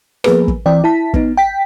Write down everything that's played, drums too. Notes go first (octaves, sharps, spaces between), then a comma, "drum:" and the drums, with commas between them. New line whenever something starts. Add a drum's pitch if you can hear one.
F3 A#3 B3 G#4 A#4 B4, drum: rim click
drum: kick
E3 C4 D5 G5
E4 A5 B6
B3 D#4, drum: kick
G5 B6